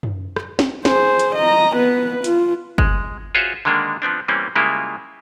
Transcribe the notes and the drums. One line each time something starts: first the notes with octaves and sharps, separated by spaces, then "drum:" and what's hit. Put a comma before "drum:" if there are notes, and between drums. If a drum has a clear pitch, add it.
drum: tom F#2
drum: rim click
drum: snare
G#4 C5, drum: snare
drum: hi-hat
D#5 A#5
B3 B4
F4, drum: hi-hat
G#3, drum: kick G1
F4 F#4 G#4 C5 C#5 E5
D3 D#3 G#3 A#3 D4
F3 B3 C4 D4
E3 G3 A#3 C4 C#4
C#3 G3 G#3 A#3 E4 F4